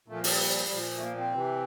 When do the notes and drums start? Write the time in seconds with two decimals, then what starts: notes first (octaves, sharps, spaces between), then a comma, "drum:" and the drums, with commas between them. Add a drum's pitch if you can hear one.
0.08 A#2 F3 A3
0.24 G3, drum: open hi-hat
0.71 A#2 F3
0.97 A3
1.02 A#3
1.17 C4
1.33 C3 E3